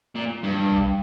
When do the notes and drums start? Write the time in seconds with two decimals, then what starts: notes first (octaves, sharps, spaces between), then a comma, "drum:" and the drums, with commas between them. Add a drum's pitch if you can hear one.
0.15 A#2
0.44 G2
0.71 drum: kick B1